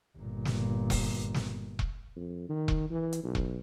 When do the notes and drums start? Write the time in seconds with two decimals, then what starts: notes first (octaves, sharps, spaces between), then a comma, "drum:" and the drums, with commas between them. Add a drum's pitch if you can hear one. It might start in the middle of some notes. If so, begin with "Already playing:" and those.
0.18 G1 A#2
0.45 drum: snare
0.90 drum: kick E1, open hi-hat
1.34 drum: snare
1.79 drum: kick E1
2.16 F2
2.49 D#3
2.68 drum: kick E1
2.90 E3
3.13 drum: hi-hat
3.23 B1
3.35 drum: kick E1